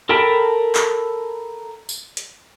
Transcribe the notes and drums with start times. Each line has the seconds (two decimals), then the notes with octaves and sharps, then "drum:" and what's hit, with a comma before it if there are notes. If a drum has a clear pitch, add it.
0.09 A4 A#4 G5 A5 B5
0.75 drum: clap
1.89 drum: tambourine
2.17 drum: hi-hat